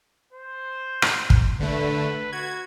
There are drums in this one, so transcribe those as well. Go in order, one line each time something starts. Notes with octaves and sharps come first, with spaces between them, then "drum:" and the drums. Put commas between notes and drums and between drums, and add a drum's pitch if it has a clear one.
C5
drum: rim click
drum: kick
D3 A3 B4
F#4 G#6